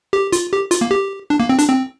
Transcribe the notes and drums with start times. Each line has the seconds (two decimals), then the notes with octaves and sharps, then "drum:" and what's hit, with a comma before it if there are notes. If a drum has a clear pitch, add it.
0.13 G4
0.32 F4, drum: hi-hat
0.53 G4
0.71 F4, drum: hi-hat
0.81 A#3
0.91 G4
1.30 D4
1.40 A#3
1.49 C4
1.59 D4, drum: hi-hat
1.69 C4